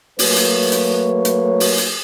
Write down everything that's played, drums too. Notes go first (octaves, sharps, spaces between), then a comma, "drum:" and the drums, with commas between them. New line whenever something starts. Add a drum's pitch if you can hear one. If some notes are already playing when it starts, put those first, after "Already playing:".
F#3 A3 A#3 B4 C#5, drum: open hi-hat
drum: hi-hat
drum: hi-hat
drum: hi-hat
drum: open hi-hat
drum: hi-hat